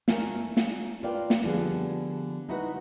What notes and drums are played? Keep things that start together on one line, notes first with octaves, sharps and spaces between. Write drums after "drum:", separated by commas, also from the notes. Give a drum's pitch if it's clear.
A3 A#3 A#4 E5 G#5, drum: snare
drum: snare
F4 A#4 B4 D5 F5 G5
drum: snare
D3 F3 G3 B3 G#4
G#3 D#4 E4 F#4 B4 F#5